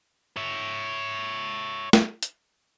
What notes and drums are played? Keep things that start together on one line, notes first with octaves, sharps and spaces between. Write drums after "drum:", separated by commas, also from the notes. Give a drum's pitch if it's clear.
C#5 E5
drum: snare
drum: hi-hat